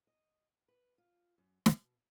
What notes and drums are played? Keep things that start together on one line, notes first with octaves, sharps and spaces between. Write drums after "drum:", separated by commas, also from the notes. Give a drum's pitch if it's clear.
D#5
B4
F4
F#2
B2, drum: snare